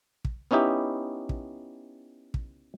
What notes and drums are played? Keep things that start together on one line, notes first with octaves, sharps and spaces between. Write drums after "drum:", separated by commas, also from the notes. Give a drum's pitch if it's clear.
drum: kick
B3 C#4 D#4 E4 G4
drum: kick
drum: kick